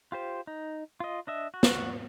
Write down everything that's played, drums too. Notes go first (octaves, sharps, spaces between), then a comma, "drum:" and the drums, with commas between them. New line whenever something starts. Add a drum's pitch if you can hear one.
F4 G4 C5
D#4
F4 D#5
D4 D#5 E5
F#4
drum: snare